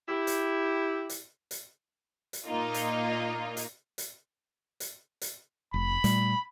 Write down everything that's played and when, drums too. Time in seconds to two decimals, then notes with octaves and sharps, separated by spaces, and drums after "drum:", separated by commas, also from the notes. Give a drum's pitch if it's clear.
0.08 E4 G4
0.27 drum: hi-hat
1.09 drum: hi-hat
1.51 drum: hi-hat
2.33 drum: hi-hat
2.45 A#2 A#3 D#4 F4
2.74 drum: hi-hat
3.57 drum: hi-hat
3.98 drum: hi-hat
4.80 drum: hi-hat
5.21 drum: hi-hat
5.74 F1 B5
6.04 A#2 G3 A3, drum: hi-hat